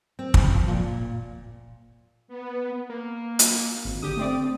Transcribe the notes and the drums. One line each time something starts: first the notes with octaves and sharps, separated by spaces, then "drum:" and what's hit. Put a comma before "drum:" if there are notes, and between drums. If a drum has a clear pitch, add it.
C4
drum: kick
F3
A#2
B3
A#3
drum: hi-hat
G#1
D3 G4 D#6
A3 C4 D5